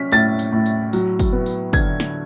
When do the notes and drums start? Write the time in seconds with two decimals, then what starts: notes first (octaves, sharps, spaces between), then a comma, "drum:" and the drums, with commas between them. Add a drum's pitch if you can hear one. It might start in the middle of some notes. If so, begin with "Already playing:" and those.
Already playing: F#3 C#4 B6
0.12 A2 A6, drum: tambourine
0.39 drum: tambourine
0.53 A2
0.66 drum: tambourine
0.93 F#3, drum: tambourine
1.19 drum: kick, tambourine
1.32 B3
1.46 drum: tambourine
1.73 D3 G#6, drum: kick, tambourine
2.00 drum: snare